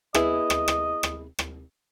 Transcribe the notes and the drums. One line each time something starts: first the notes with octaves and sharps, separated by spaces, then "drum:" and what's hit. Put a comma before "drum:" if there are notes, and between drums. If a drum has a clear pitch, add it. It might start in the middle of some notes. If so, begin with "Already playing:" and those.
B3 E4 G#4 D#5, drum: rim click
drum: rim click
drum: rim click
drum: rim click
drum: rim click